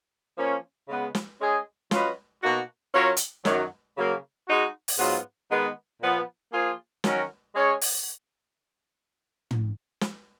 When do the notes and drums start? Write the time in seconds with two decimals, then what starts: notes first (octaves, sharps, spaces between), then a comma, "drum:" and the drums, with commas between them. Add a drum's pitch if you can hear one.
0.37 F3 A#3 C#4
0.88 C#3 G#3 B3
1.15 drum: snare
1.40 G#3 C#4 G#4 D#5
1.91 F#3 C#4 F4 B4 D#5, drum: snare
2.42 B2 A#3 D#4 F#4
2.94 F#3 C#4 F4 A#4 C#5
3.17 drum: hi-hat
3.45 F#2 D#3 F#3, drum: snare
3.96 C#3 F#3 A#3
4.47 G#3 D#4 F#4
4.88 drum: open hi-hat
4.98 G#2 F#3 B3 F4
5.50 D#3 G#3 B3
6.01 A#2 F3 B3
6.52 F3 A#3 F4 G#4
7.04 D#3 F#3 C#4 F#4 A#4, drum: snare
7.55 G#3 C#4 G#4 C#5
7.81 drum: open hi-hat
9.51 drum: tom
10.01 drum: snare